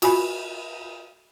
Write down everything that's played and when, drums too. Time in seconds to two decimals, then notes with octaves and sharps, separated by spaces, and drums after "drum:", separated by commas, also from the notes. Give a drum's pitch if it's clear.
0.02 F4 F#4 G#5 B5, drum: cymbal